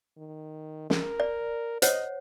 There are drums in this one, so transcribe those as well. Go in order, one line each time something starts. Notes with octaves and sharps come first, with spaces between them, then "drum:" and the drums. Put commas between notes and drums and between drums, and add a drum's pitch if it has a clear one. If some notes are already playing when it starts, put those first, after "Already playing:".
D#3
A#4, drum: snare
D5
C5 C#5 D#5 F#5, drum: hi-hat